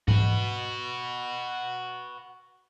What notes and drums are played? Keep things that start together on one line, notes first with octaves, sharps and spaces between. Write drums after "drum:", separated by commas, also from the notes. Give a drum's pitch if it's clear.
F#4 B4, drum: tom G#2